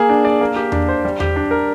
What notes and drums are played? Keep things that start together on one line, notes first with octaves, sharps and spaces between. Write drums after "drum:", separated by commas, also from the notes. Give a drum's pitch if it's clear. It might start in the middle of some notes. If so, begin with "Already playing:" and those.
Already playing: A#3 G#4
D4
D5
A#3
G4
D4, drum: tom E2
C5
G3
G4, drum: tom E2
D4
A#4